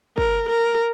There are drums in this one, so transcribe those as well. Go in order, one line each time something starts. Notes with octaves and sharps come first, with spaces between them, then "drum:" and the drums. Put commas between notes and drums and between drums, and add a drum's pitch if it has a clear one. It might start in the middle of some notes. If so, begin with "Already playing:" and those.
A#4, drum: kick
A#4